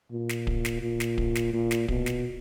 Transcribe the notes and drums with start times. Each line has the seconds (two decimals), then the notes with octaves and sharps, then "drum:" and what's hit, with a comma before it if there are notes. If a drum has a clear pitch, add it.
0.11 A#2
0.29 drum: snare
0.47 drum: kick D1
0.65 drum: snare
0.82 A#2
1.00 drum: snare
1.18 drum: kick D1
1.35 drum: snare
1.54 A#2
1.71 drum: snare
1.88 B2, drum: kick D1
2.06 drum: snare